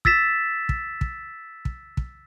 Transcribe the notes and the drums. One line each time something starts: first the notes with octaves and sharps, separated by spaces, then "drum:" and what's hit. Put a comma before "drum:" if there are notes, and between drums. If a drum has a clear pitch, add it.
E6 A6 B6 E7, drum: kick
drum: kick
drum: kick
drum: kick
drum: kick